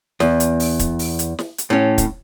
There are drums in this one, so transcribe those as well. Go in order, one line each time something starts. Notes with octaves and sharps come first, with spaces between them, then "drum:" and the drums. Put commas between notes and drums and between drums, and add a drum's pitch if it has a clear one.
E2, drum: snare
drum: hi-hat
drum: open hi-hat
drum: kick, hi-hat
drum: open hi-hat
drum: hi-hat
drum: snare
drum: hi-hat
A2 C#4
drum: kick, hi-hat